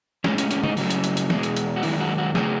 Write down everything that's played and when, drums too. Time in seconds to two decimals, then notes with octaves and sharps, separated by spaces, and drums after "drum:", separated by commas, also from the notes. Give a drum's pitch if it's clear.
0.24 A2 G#3 C#4, drum: snare
0.38 C#4, drum: hi-hat
0.51 C#4, drum: hi-hat
0.63 D#4, drum: tom C#3
0.77 F#2 C#3 F#3 A3, drum: open hi-hat
0.90 drum: hi-hat
1.04 drum: hi-hat
1.17 drum: hi-hat
1.30 E2 B2 G#3, drum: snare
1.43 drum: hi-hat
1.56 drum: hi-hat
1.76 F#4
1.83 F#2 D#3 G#3 E4, drum: open hi-hat
2.00 F#4
2.18 F#4
2.35 C#3 F#3 A3 G#4, drum: snare